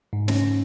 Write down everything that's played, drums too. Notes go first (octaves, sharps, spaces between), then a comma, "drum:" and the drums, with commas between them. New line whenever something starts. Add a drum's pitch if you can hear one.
G#2
C#4, drum: snare